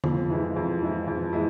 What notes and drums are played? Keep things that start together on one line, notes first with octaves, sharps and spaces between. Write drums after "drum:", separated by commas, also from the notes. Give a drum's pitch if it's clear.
F2, drum: tom D3
E3 G#3 E4
F2
E3 G#3 E4
F2
E3 G#3 E4